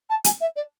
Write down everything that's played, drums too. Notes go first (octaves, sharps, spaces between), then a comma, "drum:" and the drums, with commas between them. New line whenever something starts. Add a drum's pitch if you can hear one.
A5
G#5, drum: hi-hat
E5
D5